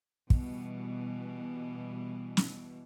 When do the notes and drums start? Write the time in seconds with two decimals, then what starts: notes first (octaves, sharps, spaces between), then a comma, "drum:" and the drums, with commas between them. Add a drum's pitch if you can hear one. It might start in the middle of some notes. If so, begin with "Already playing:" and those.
0.30 B2 E3 G3, drum: kick
2.37 drum: snare